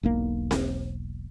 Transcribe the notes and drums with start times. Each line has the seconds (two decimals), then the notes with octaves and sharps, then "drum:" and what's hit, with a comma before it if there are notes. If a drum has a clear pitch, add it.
0.03 E1 B1 A#3
0.51 drum: snare C4